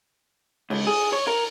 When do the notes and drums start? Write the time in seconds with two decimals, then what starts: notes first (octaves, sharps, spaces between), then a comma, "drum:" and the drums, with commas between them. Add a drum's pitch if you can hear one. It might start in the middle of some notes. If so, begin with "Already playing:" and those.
0.70 C#2, drum: cymbal
0.87 G#4
1.13 C#5
1.27 A#4